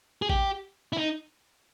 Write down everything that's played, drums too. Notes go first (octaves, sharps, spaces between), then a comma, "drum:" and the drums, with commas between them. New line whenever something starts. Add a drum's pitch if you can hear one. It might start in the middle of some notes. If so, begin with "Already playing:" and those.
G#4
G4, drum: kick G#1
E4
D#4